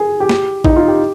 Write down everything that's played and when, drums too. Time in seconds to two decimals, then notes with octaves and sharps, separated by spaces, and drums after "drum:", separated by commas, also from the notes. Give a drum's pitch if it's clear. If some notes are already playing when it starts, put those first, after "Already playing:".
Already playing: G#4
0.20 G4
0.29 drum: snare
0.64 D#4, drum: kick
0.76 F4
0.88 G4